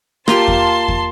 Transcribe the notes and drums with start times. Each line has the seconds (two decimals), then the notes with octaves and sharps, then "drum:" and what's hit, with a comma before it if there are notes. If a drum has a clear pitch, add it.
0.28 A#3 F4 G4 A5 C6, drum: rim click
0.48 drum: kick E2
0.88 drum: kick E2